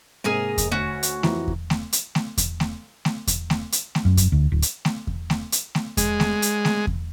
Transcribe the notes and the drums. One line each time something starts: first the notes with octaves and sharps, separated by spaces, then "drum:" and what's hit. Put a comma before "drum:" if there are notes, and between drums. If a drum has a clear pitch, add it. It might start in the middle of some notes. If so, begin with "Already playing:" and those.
G#2 C3 A#3 G#4 A#4 G#5
drum: kick E2, hi-hat
D2 C#4 F#4
drum: hi-hat
F2 E3 A#5, drum: snare A3
drum: kick E2
drum: snare A3
drum: hi-hat
drum: snare A3
drum: kick E2, hi-hat
drum: snare A3
drum: snare A3
drum: kick E2, hi-hat
drum: snare A3
drum: hi-hat
drum: snare A3
F#2
drum: kick E2, hi-hat
D2
D1
drum: hi-hat
drum: snare A3
drum: kick E2
drum: snare A3
drum: hi-hat
drum: snare A3
G#3, drum: kick E2, hi-hat
drum: snare A3
drum: hi-hat
drum: snare A3
drum: kick E2